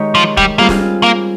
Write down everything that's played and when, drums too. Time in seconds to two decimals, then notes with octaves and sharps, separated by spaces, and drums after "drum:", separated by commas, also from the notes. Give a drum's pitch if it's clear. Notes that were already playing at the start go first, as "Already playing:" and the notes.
Already playing: D#3 G#3 D#4 G4 A#4 C#5
0.15 F3
0.37 G3, drum: kick E1
0.58 G3 A#3 C4 F4 G#4
0.69 drum: snare
1.03 A#3